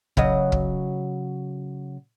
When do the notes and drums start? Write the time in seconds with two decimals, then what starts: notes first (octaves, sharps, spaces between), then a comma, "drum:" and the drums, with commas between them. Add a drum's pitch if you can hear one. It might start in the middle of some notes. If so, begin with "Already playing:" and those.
0.17 C#3 F#3 D#5, drum: kick
0.52 drum: kick